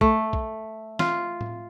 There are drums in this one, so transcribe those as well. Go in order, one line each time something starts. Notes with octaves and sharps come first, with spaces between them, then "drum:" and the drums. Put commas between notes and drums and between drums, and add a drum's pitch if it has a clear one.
A3, drum: kick
drum: kick
F4, drum: snare
drum: tom A2